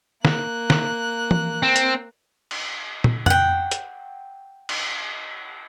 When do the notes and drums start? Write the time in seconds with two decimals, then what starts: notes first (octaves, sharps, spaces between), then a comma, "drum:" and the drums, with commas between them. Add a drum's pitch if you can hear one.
0.25 A#3 F#6, drum: snare
0.70 drum: snare
1.31 drum: tom E3
1.63 C4
1.76 drum: hi-hat
2.51 drum: cymbal
3.04 drum: tom
3.26 F#5 G5, drum: tom F2
3.71 drum: hi-hat
4.69 drum: cymbal